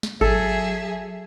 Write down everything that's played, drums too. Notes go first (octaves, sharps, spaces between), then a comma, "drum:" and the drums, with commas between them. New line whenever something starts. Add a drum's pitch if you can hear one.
drum: snare
F#3 G#4 A4 E5, drum: kick G#1